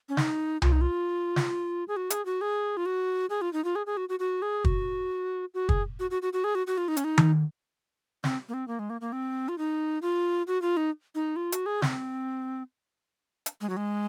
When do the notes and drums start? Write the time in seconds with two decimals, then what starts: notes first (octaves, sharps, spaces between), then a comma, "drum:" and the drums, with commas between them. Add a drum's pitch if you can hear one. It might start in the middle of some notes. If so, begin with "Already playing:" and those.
0.09 C#4
0.17 D#4, drum: snare
0.62 F4, drum: tom C2
0.72 D#4
0.81 F4
1.36 drum: snare
1.88 G#4
1.96 F#4
2.10 G#4, drum: hi-hat
2.25 F#4
2.41 G#4
2.77 F4
2.86 F#4
3.30 G#4
3.41 F4
3.53 D#4
3.64 F4
3.75 G#4
3.86 G#4
3.97 F#4
4.09 F#4
4.19 F#4
4.42 G#4
4.65 F#4, drum: kick
5.54 F#4
5.69 G#4, drum: kick
6.00 F#4
6.11 F#4
6.22 F#4
6.33 F#4
6.44 G#4
6.55 F#4
6.67 F#4
6.78 F4
6.88 D#4
6.97 C#4, drum: hi-hat
7.04 D#4
7.18 drum: tom D#3
8.24 C4, drum: snare
8.49 A#3
8.54 C4
8.68 A#3
8.79 G#3
8.90 A#3
9.01 A#3
9.12 C4
9.49 F4
9.58 D#4
10.02 F4
10.47 F#4
10.62 F4
10.77 D#4
11.15 D#4
11.36 F4
11.52 F#4, drum: hi-hat
11.66 G#4
11.82 C4, drum: snare
13.46 drum: hi-hat
13.61 G#3
13.69 F#3
13.77 G#3